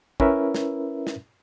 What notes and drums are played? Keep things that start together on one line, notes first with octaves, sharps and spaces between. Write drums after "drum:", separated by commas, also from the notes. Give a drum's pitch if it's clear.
C#4 E4 A#4 B4 E5, drum: kick
drum: snare
drum: snare